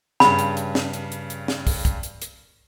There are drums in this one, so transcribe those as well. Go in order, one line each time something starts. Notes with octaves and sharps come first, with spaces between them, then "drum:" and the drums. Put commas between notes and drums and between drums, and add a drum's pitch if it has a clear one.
G2 C#3 B5, drum: snare
drum: hi-hat
drum: hi-hat
drum: snare
drum: hi-hat
drum: hi-hat
drum: hi-hat
drum: snare
drum: kick, open hi-hat
drum: kick, hi-hat
drum: hi-hat
drum: hi-hat